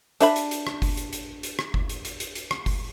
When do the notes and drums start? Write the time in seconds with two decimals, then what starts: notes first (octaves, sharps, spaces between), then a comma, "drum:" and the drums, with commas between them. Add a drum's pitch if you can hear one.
0.21 D4 E5 B5, drum: hi-hat
0.36 drum: hi-hat
0.51 drum: hi-hat
0.67 drum: rim click
0.82 drum: kick F#1, open hi-hat
0.97 drum: hi-hat
1.13 drum: hi-hat
1.43 drum: hi-hat
1.59 drum: rim click
1.74 drum: kick F#1
1.89 drum: hi-hat
2.05 drum: hi-hat
2.20 drum: hi-hat
2.35 drum: hi-hat
2.51 drum: rim click
2.66 drum: kick F#1, open hi-hat